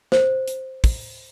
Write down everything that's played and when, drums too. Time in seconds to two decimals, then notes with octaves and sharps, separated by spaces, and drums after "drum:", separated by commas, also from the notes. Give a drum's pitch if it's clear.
0.12 C5, drum: snare
0.48 drum: hi-hat
0.84 drum: kick, open hi-hat